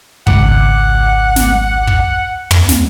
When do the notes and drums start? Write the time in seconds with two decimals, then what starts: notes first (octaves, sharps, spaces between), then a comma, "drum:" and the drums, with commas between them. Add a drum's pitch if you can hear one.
0.27 G#1 C#2 F#5 D6, drum: kick
1.36 drum: snare
1.87 drum: kick
2.51 drum: tom
2.69 drum: snare